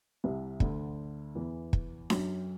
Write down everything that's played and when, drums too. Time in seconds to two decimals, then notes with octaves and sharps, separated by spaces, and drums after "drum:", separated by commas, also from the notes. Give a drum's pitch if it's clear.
0.24 C2 C3
0.60 D2 D3, drum: kick
1.35 E2 E3
1.73 drum: kick
2.10 F#2 F#3, drum: snare D4